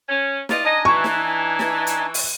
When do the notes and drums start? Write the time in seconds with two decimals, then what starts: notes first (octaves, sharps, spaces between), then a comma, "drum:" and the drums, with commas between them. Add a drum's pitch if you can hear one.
0.08 C#4
0.49 F4 D5 D#5, drum: snare
0.64 D4 D#4 D#5 G#5
0.85 E3 C#6
1.04 drum: snare
1.59 drum: snare
1.87 drum: hi-hat
2.14 drum: open hi-hat